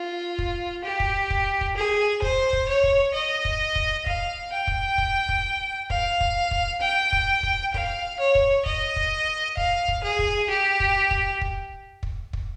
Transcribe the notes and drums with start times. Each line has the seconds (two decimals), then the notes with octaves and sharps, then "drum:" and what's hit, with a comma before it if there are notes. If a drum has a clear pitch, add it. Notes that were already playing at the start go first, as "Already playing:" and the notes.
Already playing: F4
0.39 drum: kick
0.84 G4
1.00 drum: kick
1.30 drum: kick
1.61 drum: kick
1.76 G#4
2.22 C5, drum: kick
2.53 drum: kick
2.68 C#5
2.84 drum: kick
3.14 D#5
3.45 drum: kick
3.76 drum: kick
4.06 F5, drum: kick
4.52 G5
4.67 drum: kick
4.98 drum: kick
5.29 drum: kick
5.90 F5, drum: kick
6.21 drum: kick
6.51 drum: kick
6.82 G5
7.13 drum: kick
7.43 drum: kick
7.74 F5, drum: kick
8.20 C#5
8.35 drum: kick
8.66 D#5, drum: kick
8.96 drum: kick
9.57 F5, drum: kick
9.88 drum: kick
10.03 G#4
10.19 drum: kick
10.50 G4
10.80 drum: kick
11.11 drum: kick
11.41 drum: kick
12.03 drum: kick
12.33 drum: kick